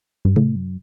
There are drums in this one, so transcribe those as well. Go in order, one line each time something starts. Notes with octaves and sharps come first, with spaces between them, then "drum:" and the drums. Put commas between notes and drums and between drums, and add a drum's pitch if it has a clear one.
G2
A2, drum: tom C3
F#2